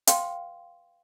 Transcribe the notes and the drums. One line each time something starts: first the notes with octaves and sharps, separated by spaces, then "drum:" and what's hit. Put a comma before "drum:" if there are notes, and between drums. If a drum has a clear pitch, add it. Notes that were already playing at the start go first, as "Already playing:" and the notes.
B4 F5 G5 C6, drum: hi-hat